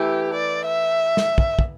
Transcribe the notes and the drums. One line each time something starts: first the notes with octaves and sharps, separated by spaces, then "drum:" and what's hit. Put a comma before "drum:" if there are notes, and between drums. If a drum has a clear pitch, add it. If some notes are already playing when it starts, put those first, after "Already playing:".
Already playing: E3 A3 E4 G4
D5
E5
drum: snare
drum: kick
drum: kick